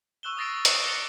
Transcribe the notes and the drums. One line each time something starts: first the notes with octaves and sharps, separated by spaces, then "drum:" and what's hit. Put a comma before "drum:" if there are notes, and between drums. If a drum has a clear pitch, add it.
C#6 E6 F#6 E7 G7
D#6 E6 A6 A#6 C7 D7
D#6 F#6 C7 D7, drum: hi-hat
D6 A6 A#6 C#7 E7 G7